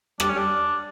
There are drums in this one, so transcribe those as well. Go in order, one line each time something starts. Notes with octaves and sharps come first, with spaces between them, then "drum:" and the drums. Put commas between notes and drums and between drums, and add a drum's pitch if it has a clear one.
G3 D4, drum: rim click
C#4
G3 D4